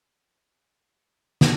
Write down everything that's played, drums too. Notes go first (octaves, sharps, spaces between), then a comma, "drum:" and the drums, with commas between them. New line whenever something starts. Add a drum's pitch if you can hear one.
G#4
F#4
E4
drum: snare